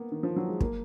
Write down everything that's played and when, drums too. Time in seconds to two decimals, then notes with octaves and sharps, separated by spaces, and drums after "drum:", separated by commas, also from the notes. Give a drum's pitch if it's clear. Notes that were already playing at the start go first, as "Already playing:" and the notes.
Already playing: A#3 B3
0.12 D#3
0.23 F3
0.36 F#3
0.48 G#3
0.60 A#3, drum: kick